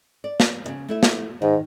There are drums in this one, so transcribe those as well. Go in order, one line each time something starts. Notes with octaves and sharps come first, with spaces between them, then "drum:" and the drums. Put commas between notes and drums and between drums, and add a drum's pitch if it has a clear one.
D5
drum: snare
E2 C#3
A3 E4 E5
drum: snare
G#2 D#3